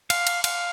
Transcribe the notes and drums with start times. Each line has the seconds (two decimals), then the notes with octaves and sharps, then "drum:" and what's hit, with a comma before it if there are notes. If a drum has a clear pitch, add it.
0.10 F5, drum: cymbal
0.27 drum: cymbal
0.44 F5, drum: cymbal